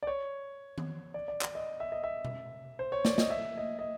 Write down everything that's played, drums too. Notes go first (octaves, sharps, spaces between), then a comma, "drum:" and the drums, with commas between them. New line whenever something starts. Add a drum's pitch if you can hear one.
D5
C#5
drum: tom D#3
D5
D5
D5, drum: clap
D#5
E5
D#5
E5
drum: tom B2
C5
C#5
D5, drum: snare
D#5, drum: snare
E5
D#5
D#5